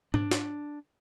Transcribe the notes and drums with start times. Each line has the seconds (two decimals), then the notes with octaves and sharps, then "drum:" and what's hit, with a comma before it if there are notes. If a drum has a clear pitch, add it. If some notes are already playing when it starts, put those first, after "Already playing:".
0.14 D4, drum: tom G#2
0.31 drum: snare